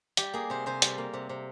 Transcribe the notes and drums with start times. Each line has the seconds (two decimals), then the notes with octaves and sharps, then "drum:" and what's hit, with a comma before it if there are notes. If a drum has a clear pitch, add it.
0.17 G3 G4, drum: hi-hat
0.33 A#3 G#4
0.50 C3 C5
0.66 C3 C5
0.82 G3, drum: hi-hat
0.98 A#3
1.13 C3
1.29 C3